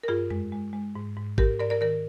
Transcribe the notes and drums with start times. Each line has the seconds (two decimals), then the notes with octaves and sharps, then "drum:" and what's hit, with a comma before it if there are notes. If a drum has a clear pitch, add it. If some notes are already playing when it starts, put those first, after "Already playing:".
0.04 A#4
0.08 G2 F4 G#4
0.30 G#3, drum: tom F2
0.52 G#3
0.73 G#3
0.96 G#2
1.16 G#2
1.38 G#2 G4 A#4, drum: kick G#1
1.60 G#2 A#4 D5
1.70 A#4 D5
1.81 D#3 A#4 D5